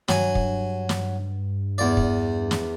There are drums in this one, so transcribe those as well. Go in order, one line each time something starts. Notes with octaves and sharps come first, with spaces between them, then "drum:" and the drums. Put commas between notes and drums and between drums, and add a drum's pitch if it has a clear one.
G2 F#3 G#5, drum: snare
drum: kick
drum: snare
E2 D5
drum: kick
drum: snare